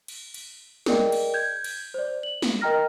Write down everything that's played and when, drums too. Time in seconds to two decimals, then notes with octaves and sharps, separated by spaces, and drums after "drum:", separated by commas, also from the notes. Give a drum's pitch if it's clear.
0.08 drum: cymbal
0.34 drum: cymbal
0.86 G#4 A#4 D5 D#5 G5, drum: snare
1.12 drum: cymbal
1.34 G6 G#6
1.64 drum: cymbal
1.94 C5 D5
2.23 F#7
2.42 drum: snare
2.61 A#4 D#5 G5 A#5 F6 A#6